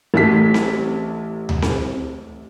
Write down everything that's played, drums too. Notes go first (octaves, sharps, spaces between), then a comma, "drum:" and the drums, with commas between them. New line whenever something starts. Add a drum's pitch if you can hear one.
A1 A3 B6
drum: snare C4
drum: tom D2
drum: snare C4